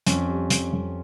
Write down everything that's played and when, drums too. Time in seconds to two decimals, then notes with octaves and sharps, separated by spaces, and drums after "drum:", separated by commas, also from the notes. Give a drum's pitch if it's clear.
0.07 F2 C#4, drum: hi-hat
0.28 G3
0.50 F2, drum: hi-hat
0.73 F2